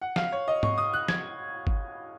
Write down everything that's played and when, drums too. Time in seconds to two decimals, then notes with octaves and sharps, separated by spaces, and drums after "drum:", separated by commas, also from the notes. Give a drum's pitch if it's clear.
0.02 F#5
0.16 F5, drum: snare
0.32 C#5
0.48 D#5
0.63 C#6, drum: tom
0.78 D#6
0.94 F#6
1.08 G#6, drum: snare
1.67 drum: kick G1